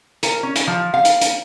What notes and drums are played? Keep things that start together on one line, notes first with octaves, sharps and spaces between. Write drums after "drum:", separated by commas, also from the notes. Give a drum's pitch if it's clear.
A#4, drum: hi-hat
C#4
drum: hi-hat
F3
F5
drum: hi-hat
drum: hi-hat